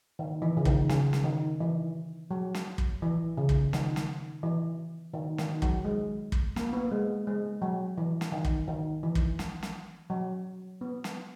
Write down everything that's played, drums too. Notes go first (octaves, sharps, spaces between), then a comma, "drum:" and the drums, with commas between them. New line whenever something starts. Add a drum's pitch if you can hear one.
D#3
E3
C#3
D#3, drum: kick
C#3, drum: snare
drum: snare
D#3
E3
F#3
drum: snare
drum: kick
E3
C#3
drum: kick
D#3, drum: snare
drum: snare
E3
D#3
D#3, drum: snare
F#3, drum: kick
G#3
drum: kick
A#3, drum: snare
B3
G#3
G#3
F#3
E3
drum: snare
D#3
drum: kick
D#3
E3
drum: kick
drum: snare
drum: snare
F#3
B3
drum: snare